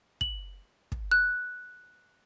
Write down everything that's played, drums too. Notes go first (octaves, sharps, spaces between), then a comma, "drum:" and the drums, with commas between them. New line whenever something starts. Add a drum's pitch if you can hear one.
F#7, drum: kick
drum: kick
F#6